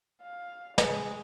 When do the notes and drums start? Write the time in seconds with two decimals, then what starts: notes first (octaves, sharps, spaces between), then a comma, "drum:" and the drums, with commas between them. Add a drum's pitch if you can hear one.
0.22 F5
0.78 G#3, drum: snare